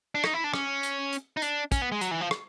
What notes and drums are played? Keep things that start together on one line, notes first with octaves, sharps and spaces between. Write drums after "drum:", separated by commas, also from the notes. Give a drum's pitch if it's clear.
D4
D#4, drum: rim click
E4
D4
C#4, drum: rim click
drum: hi-hat
drum: hi-hat
D#4
D4, drum: hi-hat
C#4, drum: kick, hi-hat
B3
G#3
F#3, drum: hi-hat
E3
F3
drum: rim click